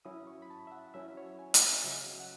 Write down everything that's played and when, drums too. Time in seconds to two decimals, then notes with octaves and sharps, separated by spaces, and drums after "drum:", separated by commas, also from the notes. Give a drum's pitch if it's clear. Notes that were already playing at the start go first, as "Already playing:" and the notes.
0.05 F#3 C#4 E4 D#6
0.27 C#6
0.42 B5
0.50 A5
0.67 E5
0.71 F#5
0.94 F#3 C#4 E4 E5
1.17 C#5
1.39 G#5
1.54 F#5, drum: hi-hat
1.62 E5
1.84 C#3 F#3 C#4 D#5
2.20 F#5